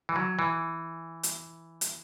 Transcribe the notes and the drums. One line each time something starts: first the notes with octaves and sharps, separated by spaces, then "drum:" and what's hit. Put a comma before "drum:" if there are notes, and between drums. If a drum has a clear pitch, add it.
E3
F#3
E3
drum: hi-hat
drum: hi-hat